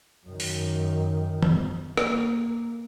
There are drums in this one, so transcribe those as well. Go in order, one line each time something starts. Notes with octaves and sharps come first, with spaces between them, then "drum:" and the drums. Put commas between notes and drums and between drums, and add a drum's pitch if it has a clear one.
F#2 D#3
drum: open hi-hat
drum: tom
A#3, drum: rim click